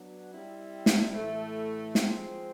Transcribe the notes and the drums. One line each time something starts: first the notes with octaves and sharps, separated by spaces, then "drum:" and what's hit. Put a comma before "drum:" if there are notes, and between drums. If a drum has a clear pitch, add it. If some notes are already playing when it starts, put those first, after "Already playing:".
Already playing: F#3 B3 D4
G3 C4 E4
drum: snare
A2 E3 A3
F3 G#3 C4, drum: snare